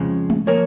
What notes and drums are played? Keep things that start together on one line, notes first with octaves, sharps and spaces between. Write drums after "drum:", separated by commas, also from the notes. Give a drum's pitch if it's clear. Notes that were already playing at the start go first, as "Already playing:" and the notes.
Already playing: F2 C#3 F3 G#3
drum: tom G#3
F3 A#3 A#4 C#5